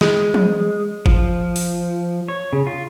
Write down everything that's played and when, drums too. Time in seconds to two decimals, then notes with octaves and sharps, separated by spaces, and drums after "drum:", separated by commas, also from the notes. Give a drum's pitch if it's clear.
0.01 G#3, drum: snare
0.34 drum: tom
1.06 F3, drum: kick
1.56 drum: open hi-hat
2.28 C#5
2.53 C#3
2.67 F4